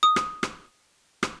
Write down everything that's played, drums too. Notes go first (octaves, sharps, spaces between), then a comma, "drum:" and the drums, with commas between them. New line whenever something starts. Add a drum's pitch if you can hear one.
D#6
drum: rim click
drum: rim click
drum: rim click